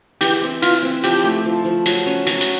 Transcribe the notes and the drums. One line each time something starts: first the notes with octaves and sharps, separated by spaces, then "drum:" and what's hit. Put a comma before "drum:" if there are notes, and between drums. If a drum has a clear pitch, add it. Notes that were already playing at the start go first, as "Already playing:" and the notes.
E3 G4, drum: hi-hat
C4
E3 F4, drum: hi-hat
C4
F3 G4, drum: hi-hat
A3
F3
F3
F#3, drum: hi-hat
C#4
F#3, drum: hi-hat
drum: hi-hat